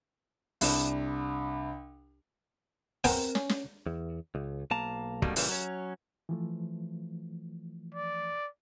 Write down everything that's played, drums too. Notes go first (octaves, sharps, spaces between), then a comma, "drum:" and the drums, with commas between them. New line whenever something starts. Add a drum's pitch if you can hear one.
C2 D4, drum: open hi-hat
B3 C4 A#4 G5 G#5, drum: open hi-hat
C#4, drum: snare
drum: snare
E2
C#2
B1 A#3 A5 A#5
B2 D#3 F#3 G3 A3 A#3, drum: kick
A#2 C#3 E3 G3, drum: open hi-hat
F#3 C#4
E3 F3 A3
D5